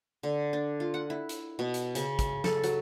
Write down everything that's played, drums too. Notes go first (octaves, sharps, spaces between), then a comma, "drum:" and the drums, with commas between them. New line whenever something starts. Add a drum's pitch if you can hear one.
D3
D4
F4
F#5
E4
drum: hi-hat
B2
drum: hi-hat
C#3, drum: hi-hat
drum: kick, hi-hat
A4, drum: snare
F#3, drum: hi-hat